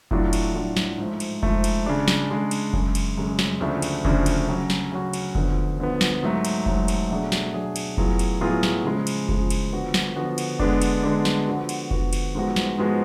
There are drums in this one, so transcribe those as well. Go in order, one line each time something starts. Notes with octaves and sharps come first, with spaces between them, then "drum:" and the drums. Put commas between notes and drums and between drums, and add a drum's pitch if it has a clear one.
A2 F#3 A3 D4 F4, drum: kick F1
drum: cymbal
A2 F#3 A3 D4 F4
drum: snare
G#2 F3 A3
drum: cymbal
G#2 F3 A3, drum: kick F1
drum: cymbal
C#3 G#3 D4
drum: snare
C#3 G#3 D4
drum: cymbal
F#2 C#3 G#3 C#4, drum: kick F1
drum: cymbal
F#2 C#3 G#3 C#4
drum: snare
D2 C#3 F3 A3 D4
drum: cymbal
D2 C#3 F3 A3 D4, drum: kick F1
drum: cymbal
C#3 F#3 C#4 F#4
drum: snare
C#3 F#3 C#4 F#4
drum: cymbal
D2 D3 F3 B3, drum: kick F1
D2 D3 F3 B3
drum: snare
G#2 F#3 A3
drum: cymbal
G#2 F#3 A3, drum: kick F1
drum: cymbal
B2 F#3 A3 D4 G#4
drum: snare
B2 F#3 A3 D4 G#4
drum: cymbal
A2 F#3 B3 F4 G#4, drum: kick F1
drum: cymbal
A2 F#3 B3 F4 G#4
drum: snare
C#3 F3 G#3
drum: cymbal
C#3 F3 G#3, drum: kick F1
drum: cymbal
D3 F3 B3 F#4
drum: snare
D3 F3 B3 F#4
drum: cymbal
D3 G#3 B3 D4, drum: kick F1
drum: cymbal
D3 G#3 B3 D4
drum: snare
D3 F3 B3 F#4
drum: cymbal
D3 F3 B3 F#4, drum: kick F1
drum: cymbal
G#2 F3 G#3 B3 F#4
drum: snare
G#2 F3 G#3 B3 F#4